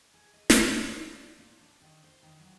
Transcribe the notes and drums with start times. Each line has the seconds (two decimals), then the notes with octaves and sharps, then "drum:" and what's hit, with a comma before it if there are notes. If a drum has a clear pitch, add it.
0.14 G#4
0.33 D#5
0.50 E4, drum: snare
0.77 D3
0.96 F4
1.15 D5
1.38 A#2
1.61 D4
1.82 D#3
2.04 C5
2.23 D#3
2.40 F#3